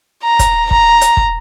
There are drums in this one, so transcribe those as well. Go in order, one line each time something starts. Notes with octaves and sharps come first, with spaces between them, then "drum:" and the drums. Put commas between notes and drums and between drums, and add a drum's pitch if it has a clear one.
A#5
drum: kick, hi-hat
A#5, drum: kick
drum: hi-hat
drum: kick